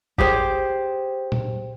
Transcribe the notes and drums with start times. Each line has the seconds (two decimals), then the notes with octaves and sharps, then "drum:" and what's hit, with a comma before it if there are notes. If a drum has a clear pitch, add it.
0.18 G4 G#4 C5, drum: kick
1.32 drum: tom A#2